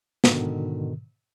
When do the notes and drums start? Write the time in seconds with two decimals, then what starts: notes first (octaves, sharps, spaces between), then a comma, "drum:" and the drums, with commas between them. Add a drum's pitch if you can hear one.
0.24 G#2 B2 D3 D#3, drum: snare